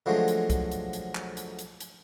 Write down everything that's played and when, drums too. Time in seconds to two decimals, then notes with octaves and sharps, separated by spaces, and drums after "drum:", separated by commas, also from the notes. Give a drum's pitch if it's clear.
0.06 D3 F3 F#3 G#3 A3
0.28 drum: hi-hat
0.50 drum: kick C2, hi-hat
0.71 drum: hi-hat
0.93 drum: hi-hat
1.15 drum: clap
1.37 drum: hi-hat
1.59 drum: hi-hat
1.80 drum: hi-hat